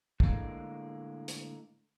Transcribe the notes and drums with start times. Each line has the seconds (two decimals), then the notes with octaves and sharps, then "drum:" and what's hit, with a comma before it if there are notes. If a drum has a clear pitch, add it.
0.20 A2 D3 G#3 A#3, drum: kick
1.28 drum: hi-hat